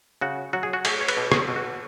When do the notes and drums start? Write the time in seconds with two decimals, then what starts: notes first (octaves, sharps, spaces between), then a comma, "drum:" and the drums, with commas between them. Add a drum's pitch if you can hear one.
0.21 C#3 F#4
0.53 F#3 F#4
0.63 G#4
0.73 F#4
0.85 A3 G#4, drum: cymbal
1.01 C#5
1.08 B4, drum: cymbal
1.17 B2
1.32 G#4, drum: rim click
1.48 B2
1.56 F#4